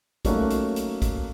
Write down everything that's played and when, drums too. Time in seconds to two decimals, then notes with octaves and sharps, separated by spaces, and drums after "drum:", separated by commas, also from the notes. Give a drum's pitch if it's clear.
0.25 F#3 A3 A#3 C#4 D#4 F#4, drum: kick, hi-hat
0.50 drum: hi-hat
0.76 drum: hi-hat
1.02 drum: kick, hi-hat